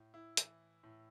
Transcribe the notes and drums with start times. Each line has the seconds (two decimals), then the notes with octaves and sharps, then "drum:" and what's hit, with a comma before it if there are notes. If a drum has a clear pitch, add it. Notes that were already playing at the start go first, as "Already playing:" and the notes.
Already playing: A2
0.14 E4
0.37 E3, drum: hi-hat
0.83 A2